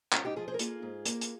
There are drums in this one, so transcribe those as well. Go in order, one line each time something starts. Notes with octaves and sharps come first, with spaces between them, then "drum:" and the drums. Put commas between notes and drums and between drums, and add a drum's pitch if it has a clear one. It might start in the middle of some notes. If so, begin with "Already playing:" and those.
G#2 C#4 F4, drum: clap
D#4 G4
F3 F4 G#4
G#4 C5
A#4
A#3 F4 G#4, drum: hi-hat
G#2
A#3, drum: hi-hat
drum: hi-hat